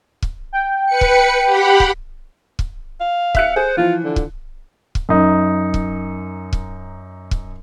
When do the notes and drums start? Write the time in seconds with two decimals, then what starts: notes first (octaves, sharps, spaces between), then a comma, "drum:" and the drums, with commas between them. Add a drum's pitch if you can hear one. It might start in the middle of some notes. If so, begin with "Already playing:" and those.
0.22 drum: kick
0.53 G5
0.86 B4 C#7
1.01 drum: kick
1.45 G4 F#5 B5
1.80 drum: kick
2.59 drum: kick
3.00 F5
3.35 E5 F#6 C#7, drum: kick
3.56 G#4 C5
3.77 E3 F3 F4
4.04 D3
4.16 drum: kick
4.95 drum: kick
5.09 F#2 D#4
5.74 drum: kick
6.53 drum: kick
7.31 drum: kick